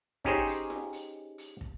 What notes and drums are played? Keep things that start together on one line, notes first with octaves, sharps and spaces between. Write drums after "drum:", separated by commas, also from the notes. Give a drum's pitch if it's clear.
C#4 D#4 G4 G#4 C5 C#5, drum: kick
drum: hi-hat
drum: snare F4
drum: hi-hat
drum: hi-hat
drum: kick